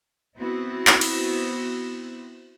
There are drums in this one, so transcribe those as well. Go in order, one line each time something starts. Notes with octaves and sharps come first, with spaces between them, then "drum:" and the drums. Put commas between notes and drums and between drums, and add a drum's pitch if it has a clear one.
B3 C4 E4 F#4
drum: clap
drum: cymbal